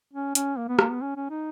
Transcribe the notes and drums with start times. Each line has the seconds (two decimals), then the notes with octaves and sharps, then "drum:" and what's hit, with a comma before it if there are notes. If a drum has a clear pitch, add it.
0.13 C#4
0.35 C#4, drum: hi-hat
0.57 A#3
0.68 B3
0.79 A#3, drum: rim click
0.90 B3
1.02 C#4
1.16 C#4
1.30 D#4